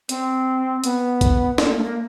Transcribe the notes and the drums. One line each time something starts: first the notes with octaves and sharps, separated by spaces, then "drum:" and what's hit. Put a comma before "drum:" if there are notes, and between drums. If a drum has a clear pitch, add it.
C4, drum: hi-hat
B3, drum: hi-hat
drum: kick A#1, hi-hat
A#3, drum: snare
A#3
A3
A#3